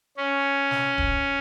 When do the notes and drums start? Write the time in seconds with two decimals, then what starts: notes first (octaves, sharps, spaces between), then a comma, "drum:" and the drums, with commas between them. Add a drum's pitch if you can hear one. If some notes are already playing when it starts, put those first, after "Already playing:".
0.17 C#4
0.71 drum: snare
0.98 drum: kick D1